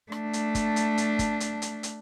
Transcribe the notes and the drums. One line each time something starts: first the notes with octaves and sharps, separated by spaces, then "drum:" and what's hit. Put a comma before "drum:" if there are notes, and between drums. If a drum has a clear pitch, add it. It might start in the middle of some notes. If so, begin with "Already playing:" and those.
A3 D4, drum: rim click
drum: hi-hat
drum: kick, hi-hat
drum: hi-hat
drum: hi-hat
drum: kick, hi-hat
drum: hi-hat
drum: hi-hat
drum: hi-hat